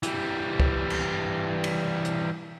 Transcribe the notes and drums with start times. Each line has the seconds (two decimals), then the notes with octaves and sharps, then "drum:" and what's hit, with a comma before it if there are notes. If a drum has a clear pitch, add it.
0.03 E3 G3, drum: hi-hat
0.60 drum: kick C#2
0.90 drum: cymbal
1.64 drum: cymbal
2.05 drum: hi-hat